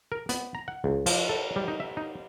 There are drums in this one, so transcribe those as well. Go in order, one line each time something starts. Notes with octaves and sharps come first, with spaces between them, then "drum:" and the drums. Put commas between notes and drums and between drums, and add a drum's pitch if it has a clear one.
A#4
B3, drum: hi-hat
A#5
F#5
C#2
F3, drum: cymbal
A4
G3
D#4
E5
D#4